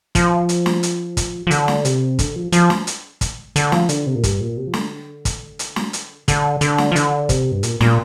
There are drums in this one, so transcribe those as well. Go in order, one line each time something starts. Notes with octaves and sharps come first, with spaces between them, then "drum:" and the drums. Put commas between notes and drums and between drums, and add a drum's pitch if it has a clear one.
F3, drum: kick, hi-hat
drum: hi-hat
drum: snare
drum: hi-hat
drum: kick, hi-hat
F3
D3, drum: hi-hat
drum: snare
C3, drum: hi-hat
D3, drum: kick, hi-hat
F3
F3, drum: hi-hat
drum: snare
drum: hi-hat
drum: kick, hi-hat
D3, drum: hi-hat
F3, drum: snare
D3, drum: hi-hat
C3
A#2
G2, drum: kick, hi-hat
A#2
C3
F3
D3, drum: snare
drum: kick, hi-hat
drum: hi-hat
drum: snare
drum: hi-hat
D3, drum: kick, hi-hat
D3, drum: hi-hat
drum: snare
F3
D3, drum: hi-hat
C3, drum: kick, hi-hat
G2
A#2, drum: hi-hat
A#2, drum: snare